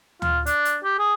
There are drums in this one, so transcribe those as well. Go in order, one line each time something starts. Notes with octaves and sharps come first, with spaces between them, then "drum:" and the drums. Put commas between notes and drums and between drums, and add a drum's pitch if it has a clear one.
F4, drum: tom D2
D4, drum: hi-hat
drum: hi-hat
G4
G#4